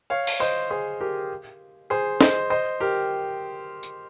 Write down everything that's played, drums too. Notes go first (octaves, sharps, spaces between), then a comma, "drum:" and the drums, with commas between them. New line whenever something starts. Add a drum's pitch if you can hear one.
C#5 F5
drum: open hi-hat
C5 D#5
G#4 C5
G4 A#4
G#4 C5
C5 D#5, drum: snare
C5 D#5
G4 A#4
drum: tambourine